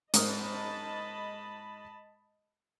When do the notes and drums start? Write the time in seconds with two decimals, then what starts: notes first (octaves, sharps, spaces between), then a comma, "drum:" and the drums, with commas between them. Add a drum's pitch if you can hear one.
0.14 G#2 A#4 D#5 A5 B5 D#6, drum: hi-hat